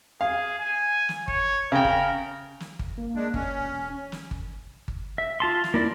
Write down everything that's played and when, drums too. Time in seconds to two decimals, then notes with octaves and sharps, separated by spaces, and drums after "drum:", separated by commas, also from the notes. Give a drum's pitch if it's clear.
0.21 G#4 F5
0.59 G#5
1.09 drum: snare
1.28 C#5, drum: kick G1
1.72 C#3 A#4 G5
1.85 drum: kick G1
2.60 drum: snare
2.79 drum: kick G1
2.98 A#3
3.15 G#3 D4
3.34 C#4, drum: kick G1
3.59 E1
4.12 drum: snare
4.31 drum: kick G1
4.88 drum: kick G1
5.18 E5
5.40 F4 A5 C6
5.64 drum: snare
5.74 A#3 E4 D5